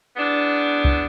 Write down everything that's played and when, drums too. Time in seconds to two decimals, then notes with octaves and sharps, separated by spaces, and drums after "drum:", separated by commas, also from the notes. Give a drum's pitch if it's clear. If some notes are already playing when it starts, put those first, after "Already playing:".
0.16 E2 B3 D4
0.84 drum: kick C2